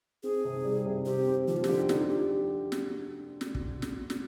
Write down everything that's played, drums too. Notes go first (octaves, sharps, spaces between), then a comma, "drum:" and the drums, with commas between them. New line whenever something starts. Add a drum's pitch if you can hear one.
C4 G#4
C3
G3
C3
C4 G4
C4
F3 G4
F4
D3 G4, drum: snare
D3 D#4, drum: snare
F4 G4
drum: snare
drum: snare
drum: kick
drum: snare
drum: snare